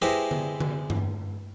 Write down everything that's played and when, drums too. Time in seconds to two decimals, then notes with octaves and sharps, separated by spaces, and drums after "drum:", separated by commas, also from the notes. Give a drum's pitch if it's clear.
0.02 G#3 E4 G4 B4 C5 D#5
0.31 drum: tom D3
0.60 drum: tom D3
0.90 drum: tom G2